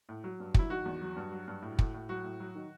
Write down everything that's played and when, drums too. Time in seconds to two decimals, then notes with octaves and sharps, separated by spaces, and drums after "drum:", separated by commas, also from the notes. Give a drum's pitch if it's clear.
0.09 A2
0.24 F#3
0.40 G2
0.54 F#3 E4, drum: kick
0.70 D#3 F#4
0.86 E2
1.01 F#3
1.16 G2
1.32 F#3
1.48 G2
1.62 A2
1.79 A2, drum: kick
1.94 A2
2.09 F#3 F#4
2.24 A2
2.40 F#3
2.55 D#3